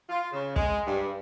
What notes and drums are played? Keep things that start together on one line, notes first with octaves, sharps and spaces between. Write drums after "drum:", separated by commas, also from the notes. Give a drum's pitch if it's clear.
F4
C#3
G#3, drum: kick
G2